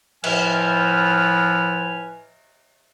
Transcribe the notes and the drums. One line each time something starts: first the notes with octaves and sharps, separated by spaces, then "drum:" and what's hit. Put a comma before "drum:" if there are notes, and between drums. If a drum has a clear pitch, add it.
A2 F3 B4 G#5 F6, drum: cymbal